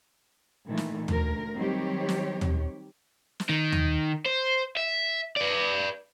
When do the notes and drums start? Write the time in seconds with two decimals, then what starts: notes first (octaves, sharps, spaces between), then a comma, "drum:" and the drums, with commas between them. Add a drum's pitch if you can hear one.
0.66 A#2 D#3 E3 A3
0.77 drum: snare
1.08 D2 A#4, drum: tom
1.55 D#3 F#3 G3 C4 G4 C#5
2.09 drum: snare
2.41 drum: tom
3.40 drum: snare
3.49 D#3
3.72 drum: tom
4.25 C5
4.77 E5
5.36 B4 D5